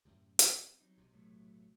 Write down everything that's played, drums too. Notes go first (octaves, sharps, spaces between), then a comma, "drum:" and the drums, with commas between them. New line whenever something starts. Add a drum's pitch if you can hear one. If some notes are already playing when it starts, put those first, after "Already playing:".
F#2 A2 C3
G3 C4, drum: hi-hat
F#3 D#4
B1 C3
A2 F#3 A3